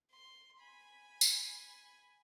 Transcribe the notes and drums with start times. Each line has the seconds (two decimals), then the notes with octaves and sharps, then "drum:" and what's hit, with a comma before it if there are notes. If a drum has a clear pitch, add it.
0.11 C6
0.60 G#5 B5
1.21 drum: tambourine